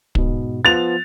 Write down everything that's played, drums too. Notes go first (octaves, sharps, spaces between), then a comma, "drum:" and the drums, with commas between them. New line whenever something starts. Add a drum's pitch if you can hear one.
G#2 B2, drum: kick
F3 B3 F4 A6 F7